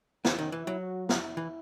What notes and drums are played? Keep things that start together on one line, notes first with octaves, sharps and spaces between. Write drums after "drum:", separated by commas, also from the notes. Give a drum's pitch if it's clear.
E3 C#4, drum: snare
D#3
E3 E4
F#3
F#4
E4, drum: snare
E3